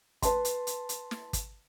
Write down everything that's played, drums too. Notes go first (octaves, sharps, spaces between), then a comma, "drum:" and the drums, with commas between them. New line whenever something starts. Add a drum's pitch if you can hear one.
B4 A5 C6, drum: kick, hi-hat
drum: hi-hat
drum: hi-hat
drum: hi-hat
drum: snare
drum: kick, hi-hat